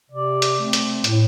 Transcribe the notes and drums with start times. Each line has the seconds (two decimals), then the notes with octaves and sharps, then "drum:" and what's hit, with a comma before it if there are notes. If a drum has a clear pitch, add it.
0.10 C3 D5
0.42 drum: hi-hat
0.58 A3 C4
0.73 drum: hi-hat
1.04 A2, drum: hi-hat